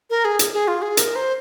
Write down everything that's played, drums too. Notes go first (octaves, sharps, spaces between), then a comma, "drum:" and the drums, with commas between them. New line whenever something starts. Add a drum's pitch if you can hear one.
A#4
G#4
drum: hi-hat
G#4
F4
G#4
A#4, drum: hi-hat
C5